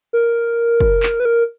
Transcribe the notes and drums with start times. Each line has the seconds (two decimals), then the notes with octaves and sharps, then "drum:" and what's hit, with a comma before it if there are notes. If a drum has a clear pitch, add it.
0.13 A#4
0.80 drum: kick
1.03 drum: clap
1.20 B4
1.25 A#4